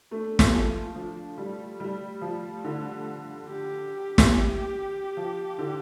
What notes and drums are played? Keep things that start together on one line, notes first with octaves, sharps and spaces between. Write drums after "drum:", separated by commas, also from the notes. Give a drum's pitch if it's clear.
A3 D4
G4, drum: snare
F3
F4
F3 D4
G3 A3
G3 A3
F3
D3
G4
drum: snare
F3
D3